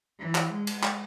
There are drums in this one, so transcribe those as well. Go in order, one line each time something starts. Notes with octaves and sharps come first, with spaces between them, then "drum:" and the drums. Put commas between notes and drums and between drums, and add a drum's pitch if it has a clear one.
E3
drum: clap
G#3
drum: cymbal
drum: clap